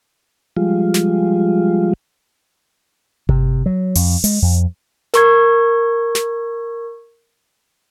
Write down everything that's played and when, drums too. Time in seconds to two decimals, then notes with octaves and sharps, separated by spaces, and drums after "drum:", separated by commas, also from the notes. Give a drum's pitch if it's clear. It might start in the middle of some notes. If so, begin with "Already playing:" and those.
0.57 F3 G3 G#3 F4
0.94 drum: snare
3.29 C3, drum: kick G1
3.66 F#3
3.95 F2, drum: open hi-hat
4.24 G#3, drum: open hi-hat
4.42 F2
5.14 A#4 C#6 G#6, drum: snare
6.15 drum: snare